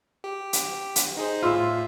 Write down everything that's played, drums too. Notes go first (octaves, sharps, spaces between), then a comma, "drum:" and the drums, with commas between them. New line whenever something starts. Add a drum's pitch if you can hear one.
G4
drum: hi-hat
drum: hi-hat
D#4 G#4 C5
A2 F4 E5 C6 E6